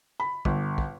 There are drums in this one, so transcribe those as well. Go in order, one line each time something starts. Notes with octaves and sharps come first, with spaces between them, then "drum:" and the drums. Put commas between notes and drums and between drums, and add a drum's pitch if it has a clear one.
B5
G1, drum: kick
drum: kick